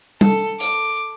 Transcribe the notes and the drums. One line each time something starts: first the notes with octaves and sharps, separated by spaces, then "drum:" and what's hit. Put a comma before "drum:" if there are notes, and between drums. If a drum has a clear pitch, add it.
A4, drum: tom
D6, drum: hi-hat